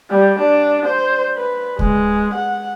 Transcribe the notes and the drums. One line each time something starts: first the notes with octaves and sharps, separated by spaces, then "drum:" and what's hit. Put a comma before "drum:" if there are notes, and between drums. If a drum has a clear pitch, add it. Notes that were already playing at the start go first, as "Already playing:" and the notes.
G3
D4
C5
B4
G#3, drum: kick C#2
F#5